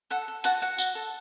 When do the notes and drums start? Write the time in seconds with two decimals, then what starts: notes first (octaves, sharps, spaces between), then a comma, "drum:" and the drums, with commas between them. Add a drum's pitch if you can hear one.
0.11 A4 F#5
0.28 A4
0.44 F#4 F#5 A5, drum: hi-hat
0.62 F#4 F#5
0.78 F#4, drum: tambourine
0.95 A4